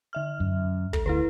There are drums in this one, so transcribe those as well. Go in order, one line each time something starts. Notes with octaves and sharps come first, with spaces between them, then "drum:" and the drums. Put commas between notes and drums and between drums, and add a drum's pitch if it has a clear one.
D3 E5 F6
F#2
A4, drum: kick
D2 E4 A4 B4